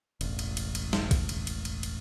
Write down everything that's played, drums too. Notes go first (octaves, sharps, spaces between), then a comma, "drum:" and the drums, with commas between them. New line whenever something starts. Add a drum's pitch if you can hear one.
E1 A1, drum: cymbal
drum: cymbal
drum: cymbal
drum: cymbal
drum: snare
drum: kick A#1, cymbal
drum: cymbal
drum: cymbal
drum: cymbal
drum: cymbal